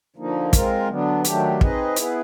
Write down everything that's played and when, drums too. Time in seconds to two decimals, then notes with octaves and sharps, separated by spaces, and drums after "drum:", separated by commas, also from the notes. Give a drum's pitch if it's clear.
0.16 D3 F3 A#3 D#4
0.53 G#3 C4 F4 A#4, drum: kick, hi-hat
0.89 D3 F#3 B3 D4
1.25 D#3 F#3 A3 D4 G4, drum: hi-hat
1.61 C4 D#4 G#4 B4 D#5, drum: kick
1.96 B3 E4 G#4 B4, drum: hi-hat